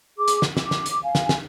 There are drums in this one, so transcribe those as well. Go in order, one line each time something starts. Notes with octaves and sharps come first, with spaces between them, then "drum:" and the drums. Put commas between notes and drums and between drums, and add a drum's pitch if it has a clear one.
G#4 D6
drum: hi-hat
drum: snare
D6, drum: snare
drum: snare
drum: hi-hat
F5 G#5
drum: snare
drum: snare